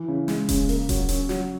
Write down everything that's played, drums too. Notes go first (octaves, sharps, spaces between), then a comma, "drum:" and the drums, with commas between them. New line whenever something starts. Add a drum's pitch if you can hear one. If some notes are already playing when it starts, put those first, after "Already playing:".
Already playing: E3
C#3
G#3, drum: snare
C#3, drum: kick D#1, hi-hat
A#3, drum: open hi-hat
F#3, drum: kick D#1, hi-hat
C#4, drum: hi-hat
F#3, drum: snare